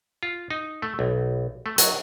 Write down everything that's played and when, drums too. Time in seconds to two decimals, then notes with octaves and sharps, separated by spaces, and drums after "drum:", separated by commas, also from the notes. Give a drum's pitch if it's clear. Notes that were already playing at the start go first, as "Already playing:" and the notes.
0.23 F4
0.50 D#4
0.82 A3
0.99 B1
1.66 A3
1.78 F#3, drum: hi-hat